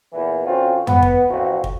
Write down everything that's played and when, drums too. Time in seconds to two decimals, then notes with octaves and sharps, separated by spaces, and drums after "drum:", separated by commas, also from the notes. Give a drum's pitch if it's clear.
0.13 E2 A#2 E3
0.47 D3 C4 C#4 F4 F#4
0.87 B3, drum: tom F2
1.02 drum: kick
1.30 A1 B2 F3 C4 F#4
1.64 drum: kick